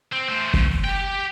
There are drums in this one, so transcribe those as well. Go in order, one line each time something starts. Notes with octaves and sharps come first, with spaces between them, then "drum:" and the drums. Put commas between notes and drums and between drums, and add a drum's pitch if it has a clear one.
C4
A3 C5
drum: kick F#1
G4 G5